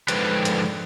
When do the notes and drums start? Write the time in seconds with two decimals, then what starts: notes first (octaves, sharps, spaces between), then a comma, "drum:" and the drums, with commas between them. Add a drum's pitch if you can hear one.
0.08 G#2 D3 F3 B4 G5, drum: hi-hat
0.45 drum: hi-hat